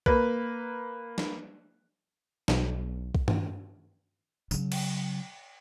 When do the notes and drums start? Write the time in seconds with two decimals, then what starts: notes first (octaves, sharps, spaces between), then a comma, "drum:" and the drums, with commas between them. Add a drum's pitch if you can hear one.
0.06 A#3 B4, drum: kick B1
1.18 drum: snare
2.48 B1, drum: snare
3.15 drum: kick B1
3.28 drum: tom
4.51 C#3 F#3, drum: tambourine
4.72 drum: cymbal